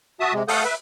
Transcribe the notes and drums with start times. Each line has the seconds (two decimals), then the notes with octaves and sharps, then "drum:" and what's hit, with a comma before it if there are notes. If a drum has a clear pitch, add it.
0.20 F#4 E5 A5 D#6
0.33 C3 G#3
0.48 A3 A4 F5 F#5 D#6 G6, drum: open hi-hat
0.64 B4 E5